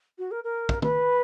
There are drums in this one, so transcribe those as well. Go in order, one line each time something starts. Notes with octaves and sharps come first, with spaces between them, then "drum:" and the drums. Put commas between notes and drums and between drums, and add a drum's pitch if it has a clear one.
F#4
A#4
A#4
drum: kick
B4, drum: tom